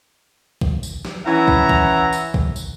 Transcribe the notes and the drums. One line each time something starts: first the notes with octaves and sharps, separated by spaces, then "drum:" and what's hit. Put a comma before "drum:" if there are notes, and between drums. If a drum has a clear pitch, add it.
drum: kick
drum: tambourine
drum: snare
E3 C#4 E4 E5 F#5 A#5
drum: kick
drum: kick
drum: tambourine
drum: kick
drum: tambourine